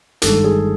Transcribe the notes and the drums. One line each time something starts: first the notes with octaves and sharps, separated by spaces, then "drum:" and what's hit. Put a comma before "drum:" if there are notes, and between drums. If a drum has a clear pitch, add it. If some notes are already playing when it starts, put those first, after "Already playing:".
G1 G2 D#3 G#3 A4, drum: hi-hat
G#4